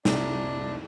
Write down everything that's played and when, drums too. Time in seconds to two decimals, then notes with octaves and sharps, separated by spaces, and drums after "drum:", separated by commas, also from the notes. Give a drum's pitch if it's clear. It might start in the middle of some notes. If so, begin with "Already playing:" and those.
0.05 C2 D4, drum: snare